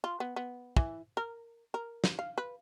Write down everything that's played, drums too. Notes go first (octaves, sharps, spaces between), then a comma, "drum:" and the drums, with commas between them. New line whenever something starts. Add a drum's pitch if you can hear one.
F4
B3
B3
E3, drum: kick
A#4
A#4
drum: snare
F5
B4